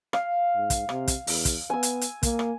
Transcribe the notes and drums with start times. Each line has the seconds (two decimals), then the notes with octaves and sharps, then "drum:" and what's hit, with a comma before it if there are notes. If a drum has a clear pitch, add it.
0.13 F5, drum: rim click
0.56 G#2
0.70 drum: kick, hi-hat
0.89 C3, drum: rim click
1.08 drum: kick, hi-hat
1.27 E2, drum: open hi-hat
1.45 drum: kick, hi-hat
1.70 B3 G#5 E6
1.83 drum: hi-hat
2.01 drum: hi-hat
2.23 A#3, drum: kick, hi-hat
2.39 drum: rim click